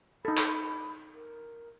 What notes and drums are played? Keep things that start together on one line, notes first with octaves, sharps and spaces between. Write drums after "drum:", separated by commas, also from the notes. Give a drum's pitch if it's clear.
D#4 A4 B5
drum: clap
A#4